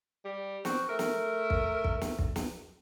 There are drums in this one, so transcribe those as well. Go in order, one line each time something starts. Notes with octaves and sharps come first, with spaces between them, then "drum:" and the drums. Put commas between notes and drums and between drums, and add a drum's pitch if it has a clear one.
G3
C4 F#4, drum: snare
A3 A#4
drum: snare
drum: kick
drum: kick
drum: snare
drum: kick
drum: snare